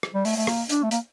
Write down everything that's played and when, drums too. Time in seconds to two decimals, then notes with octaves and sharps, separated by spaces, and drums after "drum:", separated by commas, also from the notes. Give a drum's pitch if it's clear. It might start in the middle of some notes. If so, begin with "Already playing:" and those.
0.03 drum: rim click
0.14 G3
0.25 A3, drum: open hi-hat
0.36 A3
0.47 A#3, drum: rim click
0.69 D4, drum: hi-hat
0.83 A3
0.91 A#3, drum: hi-hat